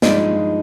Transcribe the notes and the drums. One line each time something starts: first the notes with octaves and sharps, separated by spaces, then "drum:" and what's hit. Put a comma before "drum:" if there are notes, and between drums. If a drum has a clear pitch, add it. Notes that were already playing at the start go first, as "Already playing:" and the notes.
G2 F3 G#3 D#4 D5, drum: snare